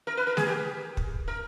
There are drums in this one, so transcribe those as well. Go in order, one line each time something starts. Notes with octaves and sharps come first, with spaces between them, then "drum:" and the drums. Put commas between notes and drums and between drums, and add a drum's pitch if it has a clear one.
A#4
B4
A#4
G#4, drum: snare A3
G4
drum: kick
A#4